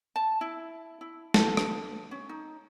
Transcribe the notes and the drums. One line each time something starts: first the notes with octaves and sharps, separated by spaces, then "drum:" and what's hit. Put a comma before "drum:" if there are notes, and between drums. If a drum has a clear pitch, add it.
A5
E4
E4
A4, drum: snare
drum: rim click
C#4
D#4